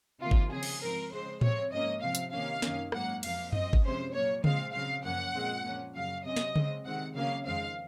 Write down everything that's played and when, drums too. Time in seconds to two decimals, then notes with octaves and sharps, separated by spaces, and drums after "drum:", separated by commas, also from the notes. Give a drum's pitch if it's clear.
0.21 C3 D#3 A#3 F4
0.31 drum: kick
0.51 C#3 F3 C4 G#4
0.63 drum: cymbal
0.81 G#2 F3 C4 A#4
1.12 C#3 G#3 C4 C5
1.41 C3 F3 C4 C#5, drum: tom A2
1.72 G#2 F3 A#3 C#4 D#5
2.02 C3 F3 C4 F5
2.15 drum: hi-hat
2.32 C3 D#3 A#3 C#4 F5
2.62 F#2 D#3 A#3 C#4, drum: snare
2.92 G#2 F#3 A#3 F#5, drum: rim click
3.23 F2 C3 F3 A#3 F5, drum: cymbal
3.52 F#2 F3 C4 D#5, drum: tom F#2
3.73 drum: kick
3.84 C3 F3 G#3 C#4 C5
4.13 A#2 F#3 A#3 C#5
4.44 A#2 F3 G#3 C4 F5, drum: tom C#3
4.73 C#3 F#3 C4 F5
5.04 F#2 F3 A#3 C#4 F#5
5.34 A#2 G#3 C4
5.64 A#2 F3 A#3 C#4
5.95 F#2 C#3 F#3 F5
6.25 C3 F#3 C#4 D#5
6.37 drum: snare
6.56 C#3 G#3 C4, drum: tom C#3
6.85 C3 D#3 G#3 C4 F#5
7.15 C#3 F#3 A#3 C#4 F5
7.46 F2 D#3 G#3 C4 F5